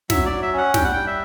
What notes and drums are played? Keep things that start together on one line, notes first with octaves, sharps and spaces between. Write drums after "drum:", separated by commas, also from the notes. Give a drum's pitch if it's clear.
F#3 E5, drum: snare
D5
F#3
E5
C#4 F#5
G3 G5, drum: snare
F#5
G3 G5
E5